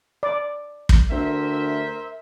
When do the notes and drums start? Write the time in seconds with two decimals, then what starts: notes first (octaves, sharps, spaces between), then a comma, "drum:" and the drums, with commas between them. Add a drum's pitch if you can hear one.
0.23 D5
0.89 drum: kick
1.11 D2 A#4 C5 E5